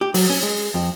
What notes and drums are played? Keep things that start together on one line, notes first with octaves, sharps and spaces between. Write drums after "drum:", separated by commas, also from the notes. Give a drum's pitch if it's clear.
G4
F#3, drum: open hi-hat
C#4
G#3
F2